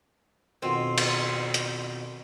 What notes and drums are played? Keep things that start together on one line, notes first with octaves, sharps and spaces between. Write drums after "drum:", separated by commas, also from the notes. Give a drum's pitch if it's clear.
F2 B2 D#3 C4
drum: cymbal
drum: hi-hat